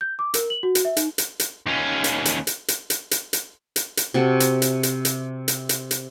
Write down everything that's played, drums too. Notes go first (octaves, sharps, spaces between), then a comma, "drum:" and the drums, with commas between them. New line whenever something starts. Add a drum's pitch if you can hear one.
G6
D6
A#4, drum: hi-hat
F#7
F#4
drum: hi-hat
E5
D#4, drum: hi-hat
drum: hi-hat
drum: hi-hat
D#2 C#4
drum: hi-hat
drum: hi-hat
drum: hi-hat
drum: hi-hat
drum: hi-hat
drum: hi-hat
drum: hi-hat
drum: hi-hat
drum: hi-hat
C3 F#4 A4 A5
drum: hi-hat
drum: hi-hat
drum: hi-hat
drum: hi-hat
drum: hi-hat
drum: hi-hat
drum: hi-hat